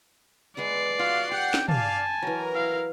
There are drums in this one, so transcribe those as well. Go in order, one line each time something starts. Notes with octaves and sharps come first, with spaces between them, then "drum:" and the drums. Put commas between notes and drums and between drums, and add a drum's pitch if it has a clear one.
G#3 B4 D5 F#5 C7
F4 F#4 F5 F#5 C6
G4 F#5 G5
drum: snare
D5 F5 G#5 A5, drum: tom
E3 F#3 A#4 A#5
E4 F5